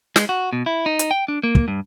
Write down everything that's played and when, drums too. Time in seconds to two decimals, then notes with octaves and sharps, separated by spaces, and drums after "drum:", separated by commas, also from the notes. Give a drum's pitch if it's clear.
0.16 G#3, drum: snare
0.29 F#4
0.53 B2
0.66 E4
0.86 D#4
0.99 drum: hi-hat
1.11 G5
1.28 D4
1.43 A#3
1.55 drum: kick
1.68 G2